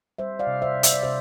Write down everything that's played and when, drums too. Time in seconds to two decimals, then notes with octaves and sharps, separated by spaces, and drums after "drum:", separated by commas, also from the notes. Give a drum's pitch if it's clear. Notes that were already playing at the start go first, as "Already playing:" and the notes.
0.18 G3 C5 E5
0.39 D5 F5
0.47 C3
0.62 C5 E5
0.76 C3
0.83 E5, drum: hi-hat
0.93 D5
1.03 C3 C5 E5